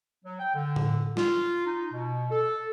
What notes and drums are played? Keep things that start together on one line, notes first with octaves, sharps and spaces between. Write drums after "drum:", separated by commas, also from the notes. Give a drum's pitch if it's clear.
F#3
G5
D3
drum: tom A2
F4, drum: snare
D#4
B2
A4